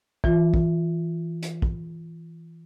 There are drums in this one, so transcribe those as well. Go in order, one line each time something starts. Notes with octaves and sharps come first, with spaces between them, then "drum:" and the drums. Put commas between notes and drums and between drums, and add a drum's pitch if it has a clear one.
E3 F4, drum: kick
drum: kick
drum: hi-hat
drum: kick